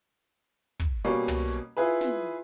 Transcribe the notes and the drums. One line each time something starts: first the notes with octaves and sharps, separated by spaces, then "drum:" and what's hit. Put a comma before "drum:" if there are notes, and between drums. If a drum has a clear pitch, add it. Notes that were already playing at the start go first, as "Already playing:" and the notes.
drum: kick
B2 G3 A#3 C#4, drum: hi-hat
drum: tom
drum: hi-hat
E4 F4 G#4 B4
drum: snare